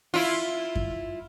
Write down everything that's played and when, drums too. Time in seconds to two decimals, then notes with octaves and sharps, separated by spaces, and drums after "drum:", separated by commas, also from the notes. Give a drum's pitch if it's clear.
0.14 E4 F4
0.75 drum: kick F#2